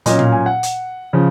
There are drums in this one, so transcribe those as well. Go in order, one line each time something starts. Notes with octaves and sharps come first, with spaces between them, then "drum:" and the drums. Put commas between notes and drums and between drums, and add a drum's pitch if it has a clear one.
A#2 F#3 C#4 D#5, drum: hi-hat
F5, drum: tom
G#5
F#5
drum: hi-hat
C#3 F3